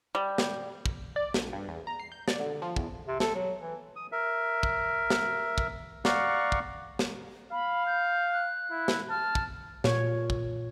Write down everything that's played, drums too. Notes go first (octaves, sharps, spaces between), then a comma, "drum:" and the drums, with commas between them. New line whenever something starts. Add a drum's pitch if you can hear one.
G3
drum: snare
drum: kick
D5
A#1, drum: snare
G2
E2
A#5
C7
G6
D5, drum: snare
D3
F3
E2, drum: kick
C3
A4, drum: snare
F#3
E3
D#6
A#4 E5
drum: kick
drum: snare
drum: kick
D5 F5 F#5 A#5 C#6, drum: snare
drum: kick
drum: snare
F5 B5
G6
F#6
E4
drum: snare
A5 F6
drum: kick
A#2 C#5, drum: snare
drum: kick